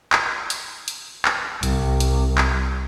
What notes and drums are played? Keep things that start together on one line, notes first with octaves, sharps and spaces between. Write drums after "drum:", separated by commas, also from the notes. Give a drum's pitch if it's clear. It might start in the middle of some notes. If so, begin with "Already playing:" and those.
drum: clap
drum: hi-hat
drum: hi-hat
drum: clap
C2, drum: hi-hat
drum: hi-hat
drum: clap